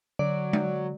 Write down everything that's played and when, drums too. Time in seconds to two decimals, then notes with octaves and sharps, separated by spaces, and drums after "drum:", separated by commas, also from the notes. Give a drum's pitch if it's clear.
0.19 D3 F#3 D5
0.53 drum: tom G#3